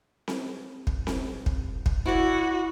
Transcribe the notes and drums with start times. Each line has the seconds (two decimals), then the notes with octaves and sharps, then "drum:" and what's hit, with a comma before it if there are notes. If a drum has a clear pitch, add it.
0.28 drum: snare C4
0.87 drum: kick
1.07 drum: snare C4
1.46 drum: kick
1.86 drum: kick
2.06 E4 F#4 D5